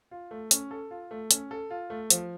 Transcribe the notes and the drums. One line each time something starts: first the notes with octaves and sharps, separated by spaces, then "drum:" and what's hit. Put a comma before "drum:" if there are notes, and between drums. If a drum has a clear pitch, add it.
F4
A3
C#4, drum: hi-hat
A4
F4
A3
C#4, drum: hi-hat
A4
F4
A3
F3, drum: hi-hat